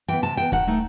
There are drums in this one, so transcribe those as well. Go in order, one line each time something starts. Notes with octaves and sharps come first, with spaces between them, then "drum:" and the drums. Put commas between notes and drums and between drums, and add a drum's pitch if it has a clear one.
E3 B3 G5
C3 A5
E3 B3 G5
D#3 F#5, drum: kick D#1, hi-hat
A3 D#4